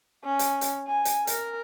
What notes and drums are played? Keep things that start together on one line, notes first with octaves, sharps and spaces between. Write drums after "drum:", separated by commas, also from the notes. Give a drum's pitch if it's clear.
C#4
drum: hi-hat
drum: hi-hat
G#5
drum: hi-hat
A#4, drum: hi-hat